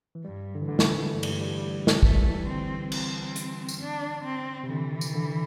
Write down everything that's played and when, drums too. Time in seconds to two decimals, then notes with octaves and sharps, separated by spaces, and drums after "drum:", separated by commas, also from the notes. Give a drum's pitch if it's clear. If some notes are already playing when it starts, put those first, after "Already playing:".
0.15 E3
0.24 G2 G3
0.55 D3
0.62 E3
0.68 A2 D3
0.79 D3, drum: snare
0.85 E3
1.13 G2 A3
1.23 G3, drum: cymbal
1.33 E3
1.41 G3
1.58 G3
1.87 drum: snare
2.03 E3 A3, drum: kick
2.14 G3
2.24 E3
2.47 D3 C4
2.92 C4, drum: cymbal
3.36 drum: hi-hat
3.69 drum: tambourine
3.81 D4
4.25 C4
4.63 C3
4.69 D3 E3
5.01 drum: tambourine
5.15 D3